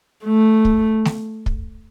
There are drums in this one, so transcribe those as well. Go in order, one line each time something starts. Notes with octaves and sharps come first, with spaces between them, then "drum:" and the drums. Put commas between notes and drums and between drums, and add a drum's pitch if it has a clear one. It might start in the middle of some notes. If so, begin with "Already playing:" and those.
A3
drum: kick
drum: snare A3
drum: kick